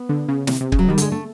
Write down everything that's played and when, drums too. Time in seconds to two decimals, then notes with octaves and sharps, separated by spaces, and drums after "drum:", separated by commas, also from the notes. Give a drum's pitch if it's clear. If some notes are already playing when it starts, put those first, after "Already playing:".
Already playing: B3
0.09 D3
0.28 C#3
0.47 C3, drum: snare
0.61 C3
0.72 C#3, drum: kick
0.79 F#3
0.89 D#3 G3
0.98 D3 G#3, drum: hi-hat
1.12 A3